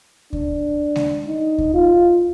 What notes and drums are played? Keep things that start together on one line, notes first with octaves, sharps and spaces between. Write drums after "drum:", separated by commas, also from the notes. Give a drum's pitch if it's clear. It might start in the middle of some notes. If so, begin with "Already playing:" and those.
D4, drum: kick D2
drum: snare G#3
D#4
drum: kick D2
F4